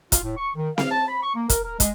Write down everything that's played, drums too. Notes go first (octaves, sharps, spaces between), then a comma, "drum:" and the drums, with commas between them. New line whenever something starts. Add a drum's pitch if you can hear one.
F4, drum: kick, hi-hat
A2
C#6
D#3
F5, drum: snare C4
A5
B5
C#6
A#3
A#4, drum: kick, hi-hat
A#4
G#3, drum: kick, hi-hat